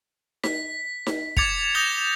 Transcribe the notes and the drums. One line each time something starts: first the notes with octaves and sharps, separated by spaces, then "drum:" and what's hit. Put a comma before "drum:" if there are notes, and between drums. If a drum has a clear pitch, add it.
B6, drum: snare D#4
drum: snare D#4
D6 G#6 A6 C#7 F7, drum: kick
D#6 G6 G#6 A#6 F7 G7